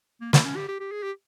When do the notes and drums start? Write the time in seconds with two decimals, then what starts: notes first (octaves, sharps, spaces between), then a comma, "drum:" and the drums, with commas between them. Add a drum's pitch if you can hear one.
0.21 A#3
0.33 A#3, drum: snare
0.44 C#4
0.56 G4
0.68 G4
0.80 G4
0.91 G#4
1.03 G4